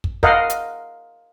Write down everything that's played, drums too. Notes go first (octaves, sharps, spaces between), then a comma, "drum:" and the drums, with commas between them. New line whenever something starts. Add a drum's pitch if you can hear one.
drum: kick
A#4 D#5 F5 F#5, drum: kick
drum: hi-hat